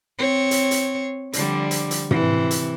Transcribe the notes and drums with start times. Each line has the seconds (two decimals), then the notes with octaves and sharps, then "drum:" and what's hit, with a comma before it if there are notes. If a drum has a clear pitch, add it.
0.18 C4 C#5
0.51 drum: hi-hat
0.71 drum: hi-hat
1.33 D3 F3 G3, drum: hi-hat
1.71 drum: hi-hat
1.91 drum: hi-hat
2.11 C3 E3, drum: tom
2.51 drum: hi-hat